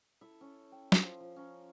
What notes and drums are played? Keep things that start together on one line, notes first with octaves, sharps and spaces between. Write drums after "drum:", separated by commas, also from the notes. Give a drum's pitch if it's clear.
E4 A4 E5
C#4
G5
drum: snare
F3
F3
C#4 A#5